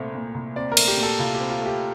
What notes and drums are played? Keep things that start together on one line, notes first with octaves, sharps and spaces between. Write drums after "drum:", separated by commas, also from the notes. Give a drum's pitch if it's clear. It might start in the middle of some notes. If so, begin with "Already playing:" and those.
Already playing: C2 A#2 A3 C4
A#2
C2
C4 D5
A#4
A3, drum: cymbal
G4
A#2
A4
C2 F4
G4
C4
F4
A3
G4